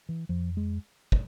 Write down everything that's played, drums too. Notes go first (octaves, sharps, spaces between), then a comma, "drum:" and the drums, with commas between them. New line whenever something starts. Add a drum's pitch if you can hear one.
E3
F2 F3
G#3
drum: kick